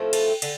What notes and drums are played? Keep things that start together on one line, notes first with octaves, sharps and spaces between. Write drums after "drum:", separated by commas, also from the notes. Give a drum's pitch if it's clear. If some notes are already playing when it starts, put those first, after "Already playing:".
Already playing: A2 F3 A3 C4
A5, drum: cymbal
G5
D3, drum: cymbal